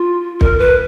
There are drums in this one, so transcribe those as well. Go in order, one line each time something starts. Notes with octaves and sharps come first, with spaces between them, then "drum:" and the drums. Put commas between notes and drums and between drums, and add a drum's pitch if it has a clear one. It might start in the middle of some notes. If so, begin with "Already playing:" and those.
Already playing: F4
A#4, drum: kick
B4